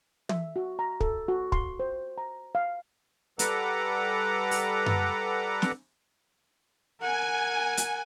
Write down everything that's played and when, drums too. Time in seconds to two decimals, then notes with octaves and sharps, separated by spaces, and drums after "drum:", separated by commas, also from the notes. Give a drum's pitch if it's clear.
0.29 E5, drum: tom
0.56 F#4
0.79 A#5
1.00 A4, drum: kick
1.28 F#4
1.52 C6, drum: kick
1.80 C5
2.18 A#5
2.55 F5
3.39 G3 A4 B4 F#5 A#5 D6, drum: hi-hat
4.51 drum: open hi-hat
4.86 drum: tom F#2
5.62 drum: snare
7.01 A#4 F#5 G#5
7.77 drum: hi-hat